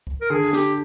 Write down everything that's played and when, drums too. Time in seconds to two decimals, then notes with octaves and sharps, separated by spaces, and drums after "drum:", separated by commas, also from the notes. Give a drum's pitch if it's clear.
0.07 drum: kick
0.21 A#4
0.30 D3 G#4
0.53 G4, drum: snare